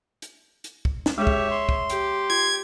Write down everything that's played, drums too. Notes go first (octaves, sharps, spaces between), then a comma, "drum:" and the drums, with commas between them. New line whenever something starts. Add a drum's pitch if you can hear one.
drum: hi-hat
drum: hi-hat
drum: kick
drum: snare
G#3 G4 G#4 C#5 E5
drum: kick
C6
drum: kick
G4, drum: hi-hat
F4 G#6